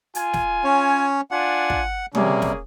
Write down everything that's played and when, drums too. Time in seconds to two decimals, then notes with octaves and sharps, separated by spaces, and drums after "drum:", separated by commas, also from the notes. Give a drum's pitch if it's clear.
0.15 F4 G#5, drum: hi-hat
0.33 drum: snare
0.64 C#4 C#5
1.31 D4 F4 F#5 G#5
1.70 drum: kick
2.15 C3 G3 A#3 C#4 G#4, drum: tom
2.42 drum: snare